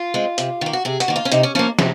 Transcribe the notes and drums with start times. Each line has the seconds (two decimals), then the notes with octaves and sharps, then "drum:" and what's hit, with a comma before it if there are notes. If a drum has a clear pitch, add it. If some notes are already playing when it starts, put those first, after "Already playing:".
Already playing: F4
0.14 G#3 C4
0.38 C3, drum: hi-hat
0.61 D#3 A#3
0.73 F#4
0.85 C3 G#4
1.00 F#4, drum: hi-hat
1.08 D#3 A#3
1.16 F4
1.25 C#4
1.32 C3 D#4, drum: hi-hat
1.43 C#4
1.55 F3 A#3 C#4
1.79 C3, drum: snare